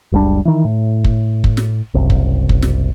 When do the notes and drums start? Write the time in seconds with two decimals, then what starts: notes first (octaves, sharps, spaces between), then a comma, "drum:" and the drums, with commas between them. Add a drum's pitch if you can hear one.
0.12 F#1 C#2 G3 D4
0.45 D#3 E3
0.65 A2
1.04 drum: kick
1.44 drum: kick
1.57 drum: snare
1.94 F#1 C2
2.10 drum: kick
2.49 drum: kick
2.62 drum: snare